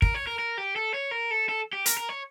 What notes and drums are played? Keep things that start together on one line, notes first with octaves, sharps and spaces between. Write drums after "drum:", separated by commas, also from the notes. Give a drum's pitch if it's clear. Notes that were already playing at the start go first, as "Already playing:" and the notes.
A#4, drum: kick
C#5
A#4
A#4
G4
A4
C#5
A#4
A4
A4
G4
A#4, drum: hi-hat
A#4
C#5